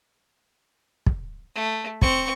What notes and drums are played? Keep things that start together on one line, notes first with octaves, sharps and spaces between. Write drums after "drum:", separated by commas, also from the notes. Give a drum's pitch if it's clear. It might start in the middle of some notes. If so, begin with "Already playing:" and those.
drum: kick
A3
C4 C#6, drum: kick